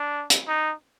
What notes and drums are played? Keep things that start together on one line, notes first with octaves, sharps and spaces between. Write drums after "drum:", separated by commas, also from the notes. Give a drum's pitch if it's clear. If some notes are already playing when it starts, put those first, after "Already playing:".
Already playing: D4
drum: hi-hat
D#4